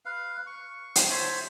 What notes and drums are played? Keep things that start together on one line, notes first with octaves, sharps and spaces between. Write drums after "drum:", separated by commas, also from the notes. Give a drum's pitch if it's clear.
B4 F5
C#6
drum: hi-hat
C5 C#5 E5 A5